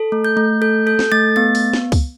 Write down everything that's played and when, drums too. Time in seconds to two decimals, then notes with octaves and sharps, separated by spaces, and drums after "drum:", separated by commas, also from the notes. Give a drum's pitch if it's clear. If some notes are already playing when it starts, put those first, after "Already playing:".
Already playing: A4
0.12 A3
0.25 G6
0.37 A3
0.62 A4 G6
0.87 A4 G6
0.99 drum: snare
1.12 A3 A6
1.36 B3 A6
1.55 drum: open hi-hat
1.73 drum: snare
1.92 drum: kick, open hi-hat